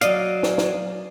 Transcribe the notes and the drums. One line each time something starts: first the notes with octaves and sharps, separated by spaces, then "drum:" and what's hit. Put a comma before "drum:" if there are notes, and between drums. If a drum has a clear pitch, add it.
F#3 D5 D#5 F5, drum: hi-hat
drum: snare
drum: snare